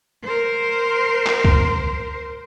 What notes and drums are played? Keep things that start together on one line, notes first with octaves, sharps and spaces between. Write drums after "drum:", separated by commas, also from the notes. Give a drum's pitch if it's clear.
A#4 C5
drum: clap
drum: kick C#2